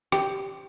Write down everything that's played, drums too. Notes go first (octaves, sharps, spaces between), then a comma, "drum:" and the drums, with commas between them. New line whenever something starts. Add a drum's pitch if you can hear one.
G4, drum: rim click